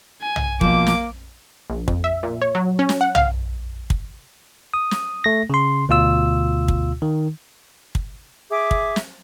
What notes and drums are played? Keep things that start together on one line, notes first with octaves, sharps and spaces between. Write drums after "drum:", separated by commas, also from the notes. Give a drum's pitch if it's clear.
G#5
drum: tom
B2 F3 A#3 D6, drum: kick
drum: snare
A#1
F2, drum: kick
E5
A#2
C#5
F#3
C#4
drum: snare
F#5
F5, drum: tom
drum: kick
D#6
drum: snare
A3 A#6
C#3 C6
D2 B2 F4 E6
drum: kick
D#3
drum: kick
G#4 E5 D6
drum: kick
drum: snare